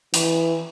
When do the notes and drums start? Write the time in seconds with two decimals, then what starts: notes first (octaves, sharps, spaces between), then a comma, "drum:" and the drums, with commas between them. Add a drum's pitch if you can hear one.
0.14 E3, drum: hi-hat